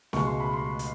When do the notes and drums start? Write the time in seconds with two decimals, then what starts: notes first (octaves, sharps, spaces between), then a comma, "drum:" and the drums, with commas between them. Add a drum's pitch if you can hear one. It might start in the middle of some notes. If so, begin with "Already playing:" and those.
0.13 C#2 B2 G#3 C#6, drum: snare C4
0.27 C6
0.40 B5
0.53 C6
0.79 drum: hi-hat